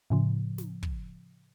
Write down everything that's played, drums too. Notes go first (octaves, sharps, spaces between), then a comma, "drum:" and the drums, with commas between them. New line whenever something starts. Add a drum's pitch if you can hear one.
A2 C#3 F3
drum: snare
drum: kick